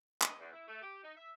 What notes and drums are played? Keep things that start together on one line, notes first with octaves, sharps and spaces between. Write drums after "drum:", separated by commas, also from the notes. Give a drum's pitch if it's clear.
D#5, drum: clap
E2
E4
A3
G4
D#4
E5